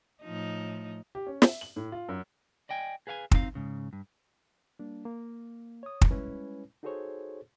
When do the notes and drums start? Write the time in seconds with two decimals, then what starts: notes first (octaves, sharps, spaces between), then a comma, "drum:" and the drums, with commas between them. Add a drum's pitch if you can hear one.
0.23 A2 F3 D#4
1.15 G4
1.27 C#4
1.42 E5, drum: snare
1.61 F#7
1.76 A2
1.92 F4
2.09 F#2
2.69 D5 D#5 G5 G#5
3.07 G#4 B4 F5 F#5 G#5
3.31 C4 D#4 E4 F5, drum: kick
3.55 G#2 C#3
3.93 G2
4.79 G3 A#3 D4
5.05 A#3
5.83 C#5 D#6
6.01 drum: kick
6.11 G3 G#3 C#4 E4 B4 C#5
6.83 D#4 F#4 G#4 A4 C5 C#5